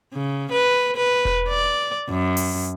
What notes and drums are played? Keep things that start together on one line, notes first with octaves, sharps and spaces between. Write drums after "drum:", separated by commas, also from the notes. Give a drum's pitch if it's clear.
C#3
B4
B4
drum: kick E1
D5
F#2
drum: open hi-hat